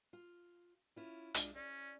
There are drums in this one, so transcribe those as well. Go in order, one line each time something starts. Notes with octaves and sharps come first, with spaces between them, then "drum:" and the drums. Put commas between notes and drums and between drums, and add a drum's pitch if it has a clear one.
F4
C#4 E4 F4
G#3 D4 F4, drum: hi-hat
C#4 D5